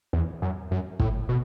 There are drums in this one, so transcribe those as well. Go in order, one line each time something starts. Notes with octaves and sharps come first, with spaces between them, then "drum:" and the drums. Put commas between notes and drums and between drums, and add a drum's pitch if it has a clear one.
E2
F#2
F#2
A2, drum: kick
B2